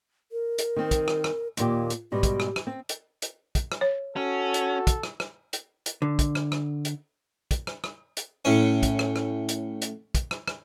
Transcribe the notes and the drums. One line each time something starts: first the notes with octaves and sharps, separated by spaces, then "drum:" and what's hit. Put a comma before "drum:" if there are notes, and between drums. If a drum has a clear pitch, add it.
A#4
drum: hi-hat
D#3 C4
drum: kick, hi-hat
drum: rim click
drum: rim click
D#2 A#2 A#3 G4, drum: hi-hat
drum: hi-hat
G#2 B2 G3 G4
drum: kick, hi-hat
drum: rim click
drum: rim click
C4
drum: hi-hat
drum: hi-hat
drum: kick, hi-hat
drum: rim click
C#5
C#4 F#4 A4
drum: hi-hat
drum: kick, hi-hat
drum: rim click
drum: rim click
drum: hi-hat
drum: hi-hat
D3
drum: kick, hi-hat
drum: rim click
drum: rim click
drum: hi-hat
drum: kick, hi-hat
drum: rim click
drum: rim click
drum: hi-hat
A2 C#4
drum: kick, hi-hat
drum: rim click
drum: rim click
drum: hi-hat
drum: hi-hat
drum: kick, hi-hat
drum: rim click
drum: rim click